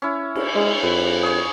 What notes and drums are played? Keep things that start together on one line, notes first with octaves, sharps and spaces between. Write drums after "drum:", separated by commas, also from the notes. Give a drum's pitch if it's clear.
C#4 E4
drum: cymbal
G#3
F2 B4
G#4 C#5